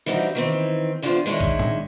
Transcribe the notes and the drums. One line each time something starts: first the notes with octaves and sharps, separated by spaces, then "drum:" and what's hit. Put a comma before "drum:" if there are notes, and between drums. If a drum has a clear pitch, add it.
E3 G3 C4 D4 D#4 F#4
D#3 E3 C4
E2 D3 D4 F4 B4 C5
D#3 G#3 D4 E4 C#5
drum: kick
drum: tom